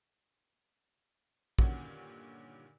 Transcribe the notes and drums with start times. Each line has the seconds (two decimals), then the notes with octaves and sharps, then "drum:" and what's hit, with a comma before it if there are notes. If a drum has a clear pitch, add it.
1.59 G2 A#2 D3 D#3 C#4 F#4, drum: kick